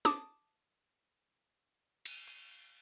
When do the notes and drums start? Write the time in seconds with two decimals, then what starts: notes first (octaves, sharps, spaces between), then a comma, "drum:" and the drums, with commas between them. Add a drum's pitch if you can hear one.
0.05 A5 D6 D#6, drum: snare
2.05 drum: cymbal
2.28 drum: hi-hat